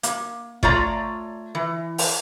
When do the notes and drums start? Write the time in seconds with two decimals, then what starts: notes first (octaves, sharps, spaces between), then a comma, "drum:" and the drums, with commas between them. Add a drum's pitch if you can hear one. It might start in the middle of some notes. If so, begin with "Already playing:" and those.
0.03 A#3, drum: hi-hat
0.63 A3 F4 C#5 D5 A#5, drum: kick G#1
1.55 E3
1.98 drum: open hi-hat